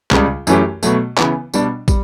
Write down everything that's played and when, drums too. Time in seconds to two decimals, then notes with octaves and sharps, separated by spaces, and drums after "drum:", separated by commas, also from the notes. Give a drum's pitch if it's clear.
0.11 C#2 C#3 G3, drum: clap
0.47 F#2 E3 A3 C#4 G4, drum: tambourine
0.83 B2 F#3 A3, drum: tambourine
1.18 C#3 E3 B3, drum: clap
1.54 B2 G3 D4, drum: tambourine
1.88 G3, drum: kick, tambourine